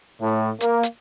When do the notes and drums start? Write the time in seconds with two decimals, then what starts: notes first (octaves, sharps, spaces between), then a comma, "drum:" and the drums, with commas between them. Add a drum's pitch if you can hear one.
0.21 A2
0.60 A#3, drum: hi-hat
0.83 drum: hi-hat